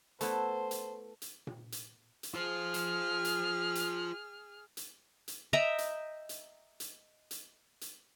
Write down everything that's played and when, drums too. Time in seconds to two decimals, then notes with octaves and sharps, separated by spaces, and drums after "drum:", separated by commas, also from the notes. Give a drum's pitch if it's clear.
0.21 A3 B3 E4 C5 A5, drum: hi-hat
0.71 drum: hi-hat
1.22 drum: hi-hat
1.47 drum: tom A#2
1.72 drum: hi-hat
2.23 drum: hi-hat
2.34 F4 G#4 C5 F6
2.74 drum: hi-hat
3.25 drum: hi-hat
3.75 drum: hi-hat
4.77 drum: hi-hat
5.28 drum: hi-hat
5.53 D#5 E5 G5 A#5
5.78 drum: hi-hat
6.29 drum: hi-hat
6.80 drum: hi-hat
7.31 drum: hi-hat
7.81 drum: hi-hat